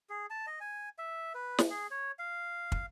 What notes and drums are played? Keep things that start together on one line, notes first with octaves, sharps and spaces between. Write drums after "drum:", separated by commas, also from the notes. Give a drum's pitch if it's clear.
G#4
A5
D#5
G#5
E5
B4
drum: snare
G#4
C#5
F5
drum: kick